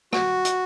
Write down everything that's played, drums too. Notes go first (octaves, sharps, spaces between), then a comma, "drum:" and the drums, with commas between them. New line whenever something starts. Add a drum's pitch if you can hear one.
F#4, drum: rim click
drum: hi-hat